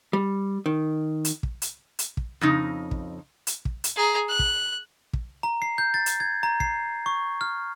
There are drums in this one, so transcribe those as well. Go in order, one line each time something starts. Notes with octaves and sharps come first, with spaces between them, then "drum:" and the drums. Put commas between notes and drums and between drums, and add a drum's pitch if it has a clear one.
G3
D#3
drum: hi-hat
drum: kick
drum: hi-hat
drum: hi-hat
drum: kick
F2 C#3 D#4
drum: kick
drum: hi-hat
drum: kick
drum: hi-hat
G#4 A#5
F#6
drum: kick
drum: kick
A#5
C7
G6
A6
drum: hi-hat
G#6
A#5
C7, drum: kick
C#6
F6